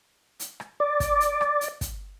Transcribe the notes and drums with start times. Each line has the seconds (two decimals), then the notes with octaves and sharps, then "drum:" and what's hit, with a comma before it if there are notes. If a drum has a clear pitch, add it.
0.40 drum: hi-hat
0.60 drum: rim click
0.80 D5
1.00 drum: kick, hi-hat
1.20 drum: hi-hat
1.41 drum: rim click
1.61 drum: hi-hat
1.81 drum: kick, hi-hat